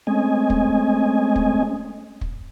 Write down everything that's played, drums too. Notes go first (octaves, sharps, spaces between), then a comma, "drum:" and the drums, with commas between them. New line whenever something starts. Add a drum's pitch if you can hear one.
G#3 A3 C4 C#4 D#5 G#5
drum: kick
drum: kick
drum: kick